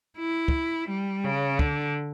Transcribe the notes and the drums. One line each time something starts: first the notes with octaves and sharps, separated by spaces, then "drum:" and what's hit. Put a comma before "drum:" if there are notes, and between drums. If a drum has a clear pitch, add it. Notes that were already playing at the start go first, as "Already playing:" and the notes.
E4
drum: kick
G3
C#3
D3, drum: kick